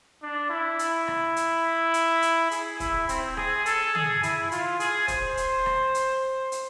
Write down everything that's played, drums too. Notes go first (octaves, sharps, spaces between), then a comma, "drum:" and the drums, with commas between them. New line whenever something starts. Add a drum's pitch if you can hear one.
D4
E4
drum: hi-hat
drum: rim click
drum: hi-hat
drum: hi-hat
drum: hi-hat
G#4, drum: hi-hat
E4, drum: kick, hi-hat
C4, drum: hi-hat
G#4, drum: rim click
A4, drum: hi-hat
G#4, drum: tom
E4, drum: hi-hat
F4, drum: hi-hat
G#4, drum: hi-hat
C5, drum: kick, hi-hat
drum: hi-hat
drum: rim click
drum: hi-hat
drum: hi-hat